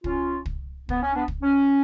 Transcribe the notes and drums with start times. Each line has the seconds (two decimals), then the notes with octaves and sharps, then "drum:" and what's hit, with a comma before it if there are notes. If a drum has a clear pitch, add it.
0.04 C#4 F4, drum: kick
0.46 drum: kick
0.89 B3, drum: kick
1.02 C#4
1.15 B3 D4
1.28 drum: kick
1.42 C#4